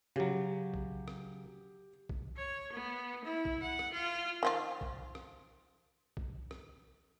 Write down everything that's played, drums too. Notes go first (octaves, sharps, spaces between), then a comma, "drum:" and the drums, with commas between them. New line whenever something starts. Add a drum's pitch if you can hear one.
C#3 F#3 G4
drum: kick
drum: rim click
drum: kick
C#5
B3
E4
drum: kick
F#5
drum: rim click
F4
D#3 F3 F4
drum: kick
drum: rim click
drum: kick
drum: rim click